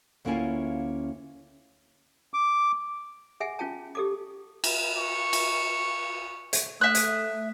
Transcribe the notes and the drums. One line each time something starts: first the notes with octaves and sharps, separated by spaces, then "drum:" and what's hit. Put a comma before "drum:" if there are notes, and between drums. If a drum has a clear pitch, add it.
D2 A#3 C#4 E4 F4 G#5
D6
G#4 E5 F#5 G#5
C#4 F4 G5 A5
G4 A4 D6
drum: cymbal
C#6
drum: cymbal
drum: hi-hat
A3 E5 D#6 F#6
drum: hi-hat